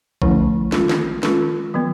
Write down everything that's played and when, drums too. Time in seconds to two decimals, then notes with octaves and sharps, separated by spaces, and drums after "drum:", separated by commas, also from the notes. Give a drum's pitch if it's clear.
0.22 D3 F3 A3 C#4 E4, drum: kick A#1
0.72 D#3 G#3 C#4 F4 A4, drum: snare
0.89 drum: snare
1.23 D#3 G#3 C#4 F4 A4, drum: snare
1.74 D#3 F#3 B3